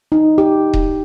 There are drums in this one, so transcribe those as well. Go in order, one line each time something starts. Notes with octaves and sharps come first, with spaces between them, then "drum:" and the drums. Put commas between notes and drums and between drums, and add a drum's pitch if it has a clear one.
D#4
G4
drum: kick D#1